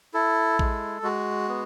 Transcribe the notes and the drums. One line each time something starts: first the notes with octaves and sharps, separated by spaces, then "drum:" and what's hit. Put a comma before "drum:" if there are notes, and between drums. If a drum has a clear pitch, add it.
E4 A4
G#3, drum: kick
G#3 F#4
B3